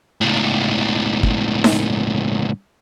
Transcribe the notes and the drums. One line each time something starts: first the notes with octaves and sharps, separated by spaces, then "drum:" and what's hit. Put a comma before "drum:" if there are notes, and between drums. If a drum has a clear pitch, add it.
C#2 A2
drum: kick
drum: snare D#4